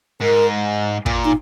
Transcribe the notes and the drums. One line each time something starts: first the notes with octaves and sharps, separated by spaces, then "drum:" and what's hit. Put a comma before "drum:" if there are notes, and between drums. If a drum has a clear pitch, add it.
G#2 A#4
A#2, drum: kick
D#4